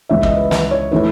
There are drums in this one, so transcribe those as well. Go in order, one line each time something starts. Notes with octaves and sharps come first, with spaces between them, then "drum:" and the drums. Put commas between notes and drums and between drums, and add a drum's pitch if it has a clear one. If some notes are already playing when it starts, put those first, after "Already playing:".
C#2 C#3 E3 E5
D#5, drum: kick
B4
B4, drum: snare
C#5
E3 A3 E4 B4